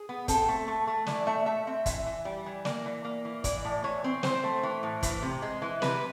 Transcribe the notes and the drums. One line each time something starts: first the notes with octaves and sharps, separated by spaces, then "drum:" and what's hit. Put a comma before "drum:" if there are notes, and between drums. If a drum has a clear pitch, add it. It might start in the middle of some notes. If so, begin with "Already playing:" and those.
Already playing: G#4
B3
C4 A4, drum: kick, hi-hat
A3
A3
A3
E3 D5, drum: snare
A3 E5
A3 E5
C4 E5
E3 E5, drum: kick, hi-hat
E3
G3
E3
A#3 D5, drum: snare
E3
A#3
E3
E3 D5, drum: kick, hi-hat
A2
E3 C#5
C4
C4 C5, drum: snare
A3
E3
A2
E3, drum: kick, hi-hat
C3
G#3
E3
C3 B4, drum: snare